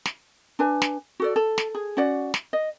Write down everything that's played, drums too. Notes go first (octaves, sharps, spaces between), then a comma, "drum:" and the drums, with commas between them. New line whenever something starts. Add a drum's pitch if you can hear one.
drum: snare
D4 B4 G#5
drum: snare
F#4 A4 D5
A4
drum: snare
G#4
C#4 F#4 D5 F#5
drum: snare
D#5